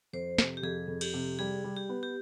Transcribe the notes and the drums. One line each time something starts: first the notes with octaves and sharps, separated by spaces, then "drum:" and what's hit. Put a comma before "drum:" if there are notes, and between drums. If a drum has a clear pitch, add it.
F2 C5
C3, drum: snare
G4
F2 G#4
F2
G4, drum: cymbal
C3
G3 G#4
G3
G4
B3
G4